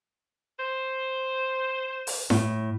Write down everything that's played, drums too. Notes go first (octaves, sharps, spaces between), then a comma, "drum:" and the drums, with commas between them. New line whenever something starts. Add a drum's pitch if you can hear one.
C5
drum: open hi-hat
A2, drum: snare E4